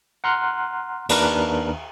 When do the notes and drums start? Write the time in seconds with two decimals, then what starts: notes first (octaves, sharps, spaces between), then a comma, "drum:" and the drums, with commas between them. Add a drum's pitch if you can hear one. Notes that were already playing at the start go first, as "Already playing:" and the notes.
0.24 F#5 A#5 C6 F6 F#6
1.09 D#2 D#3 D4 B4 A#5 F6, drum: cymbal